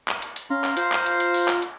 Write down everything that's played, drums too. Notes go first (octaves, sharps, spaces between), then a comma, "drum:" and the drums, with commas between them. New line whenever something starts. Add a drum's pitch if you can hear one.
drum: clap
drum: hi-hat
drum: hi-hat
C#4 F5 A#5 C6
drum: clap
F4 C5, drum: hi-hat
drum: clap
drum: hi-hat
drum: hi-hat
drum: open hi-hat
drum: clap
drum: hi-hat